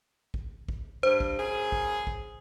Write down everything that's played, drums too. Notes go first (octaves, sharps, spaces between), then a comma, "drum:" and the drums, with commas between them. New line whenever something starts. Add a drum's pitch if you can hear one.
drum: kick
drum: kick
G2 C5
drum: kick
F#2 G#4
drum: kick
drum: kick